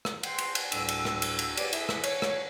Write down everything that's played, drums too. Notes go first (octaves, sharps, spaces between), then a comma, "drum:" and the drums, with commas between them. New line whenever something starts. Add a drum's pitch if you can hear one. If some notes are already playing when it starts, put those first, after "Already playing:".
drum: rim click
F#5 G5 C6, drum: cymbal
drum: cymbal
drum: cymbal
D2 A2 G3 D4 A4 E6, drum: cymbal
drum: cymbal
drum: rim click
drum: cymbal
drum: cymbal
G4 G#4 B4 C#5 D5, drum: cymbal
E4 G#4 A4 E5, drum: cymbal
drum: rim click
C#5, drum: cymbal
drum: rim click